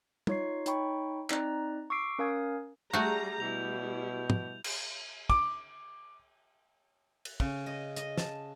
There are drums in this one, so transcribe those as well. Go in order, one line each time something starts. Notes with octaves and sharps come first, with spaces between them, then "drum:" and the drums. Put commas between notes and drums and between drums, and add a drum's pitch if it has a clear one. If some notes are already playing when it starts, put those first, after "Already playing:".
D#4 F4 C#5 C#6 C7, drum: tom
D#4 C#5 G5 B5 C#6, drum: hi-hat
C4 D#4 D5 A#5 F#6, drum: clap
C#6 D6 E6 C7 D7
C#4 A#4 F5 G#5 D#6 G#6
G3 A3 F#4 G#4 A#5 G6
B2 G3 E4 F7
drum: tom
drum: cymbal
D6, drum: kick
drum: cymbal
C#3, drum: kick
D#5
D#5, drum: hi-hat
A5, drum: snare